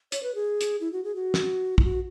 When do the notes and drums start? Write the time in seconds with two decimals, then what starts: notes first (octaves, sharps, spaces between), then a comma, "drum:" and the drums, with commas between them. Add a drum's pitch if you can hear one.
0.12 C#5, drum: hi-hat
0.23 B4
0.35 G#4
0.61 drum: hi-hat
0.81 E4
0.93 F#4
1.04 G#4
1.15 F#4
1.34 drum: snare
1.78 E4, drum: kick
1.84 F#4